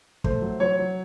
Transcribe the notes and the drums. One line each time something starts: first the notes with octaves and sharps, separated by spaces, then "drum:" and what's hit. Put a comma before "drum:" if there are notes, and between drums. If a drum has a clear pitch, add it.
A3 C5, drum: kick
F#3
F#3 C#5
F#3